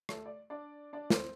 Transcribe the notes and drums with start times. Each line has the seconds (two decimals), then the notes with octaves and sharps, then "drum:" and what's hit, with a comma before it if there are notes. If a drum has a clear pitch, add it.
0.09 A3 A4, drum: rim click
0.26 D5
0.50 D4 D5
0.93 D4 D5
1.10 C4 C5, drum: snare